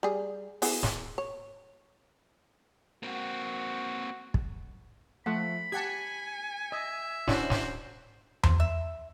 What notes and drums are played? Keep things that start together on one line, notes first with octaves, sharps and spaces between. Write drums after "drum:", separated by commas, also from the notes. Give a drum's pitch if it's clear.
G3 G#4
B3 E4 G#4, drum: open hi-hat
drum: snare
C#5
A#3 C4 F#4
drum: kick
F3 A3 F#5 B5
G4 F#5 G#5 A5 G#6 B6 C#7
D#5 E5
C#4 D4 E4 F#4 C5, drum: snare
drum: snare
C5, drum: tom E2
E5